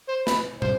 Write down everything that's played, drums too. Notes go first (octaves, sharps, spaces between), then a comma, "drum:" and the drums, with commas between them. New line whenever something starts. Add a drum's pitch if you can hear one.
C5
B4, drum: snare
C5, drum: tom